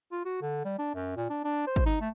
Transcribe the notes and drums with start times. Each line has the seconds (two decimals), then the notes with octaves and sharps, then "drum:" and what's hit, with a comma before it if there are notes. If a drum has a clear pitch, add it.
0.12 F4
0.25 F#4
0.41 D3
0.65 G3
0.78 D4
0.95 F#2
1.16 A#2
1.30 D4
1.44 D4
1.67 C5
1.76 drum: kick
1.86 D#4
2.01 A3